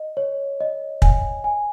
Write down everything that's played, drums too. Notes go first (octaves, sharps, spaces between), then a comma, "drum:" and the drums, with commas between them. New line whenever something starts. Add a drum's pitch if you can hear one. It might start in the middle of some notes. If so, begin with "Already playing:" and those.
Already playing: D#5
C#5
D#5
G#5, drum: kick
G#5